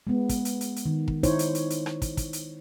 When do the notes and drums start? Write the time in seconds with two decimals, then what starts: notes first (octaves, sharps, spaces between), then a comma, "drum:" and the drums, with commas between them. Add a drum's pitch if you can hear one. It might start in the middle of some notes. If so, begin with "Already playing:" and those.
0.07 G#3 B3
0.29 drum: kick, hi-hat
0.45 drum: hi-hat
0.61 drum: hi-hat
0.76 drum: hi-hat
0.85 D#3
1.08 drum: kick
1.23 D#4 E4 C5 C#5, drum: kick, hi-hat
1.39 drum: hi-hat
1.55 drum: hi-hat
1.70 drum: hi-hat
1.86 drum: rim click
2.02 drum: kick, hi-hat
2.17 drum: kick, hi-hat
2.33 drum: hi-hat